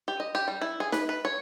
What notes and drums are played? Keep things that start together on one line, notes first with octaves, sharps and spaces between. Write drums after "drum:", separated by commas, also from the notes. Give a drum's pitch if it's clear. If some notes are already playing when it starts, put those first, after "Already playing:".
G4
D#5
G4
G3
E4
G#4
B4, drum: snare D#4
B4
C#5